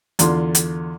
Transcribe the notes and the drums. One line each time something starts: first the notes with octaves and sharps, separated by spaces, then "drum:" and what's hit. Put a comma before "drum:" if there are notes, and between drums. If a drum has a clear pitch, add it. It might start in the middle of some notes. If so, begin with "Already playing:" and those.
E2 D3 F4 C6, drum: hi-hat
drum: hi-hat